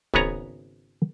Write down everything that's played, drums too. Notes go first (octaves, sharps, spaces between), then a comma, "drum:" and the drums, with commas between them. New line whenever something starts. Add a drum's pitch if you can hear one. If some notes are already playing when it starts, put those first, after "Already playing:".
G#1 C#3 B3 B4 C#5 A#5, drum: kick